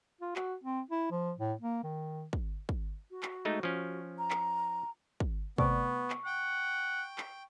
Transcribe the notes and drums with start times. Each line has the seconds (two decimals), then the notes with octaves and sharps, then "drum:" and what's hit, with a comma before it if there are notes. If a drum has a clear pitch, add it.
0.21 F4
0.36 F#4, drum: clap
0.64 C4
0.91 E4
1.11 F3
1.38 A2
1.61 A#3
1.84 D#3
2.33 drum: kick
2.69 drum: kick
3.11 F#4
3.23 drum: clap
3.45 G#3 A3 D#4
3.63 F3 C#4
4.18 A#5
4.31 drum: clap
5.20 drum: kick
5.58 C3 A3 B3 D5 C#6, drum: kick
6.10 drum: clap
6.26 F#5 G5
7.18 drum: clap